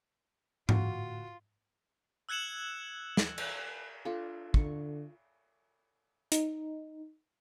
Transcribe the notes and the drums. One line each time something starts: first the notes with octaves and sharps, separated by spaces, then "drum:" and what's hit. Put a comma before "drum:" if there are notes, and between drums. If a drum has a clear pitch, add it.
A2 D3 F4 F#4, drum: tom G#2
E6 F#6 G#6 C#7 E7 F#7
drum: snare
drum: cymbal
D4 F4 A4
D3 C#6, drum: kick
D#4, drum: hi-hat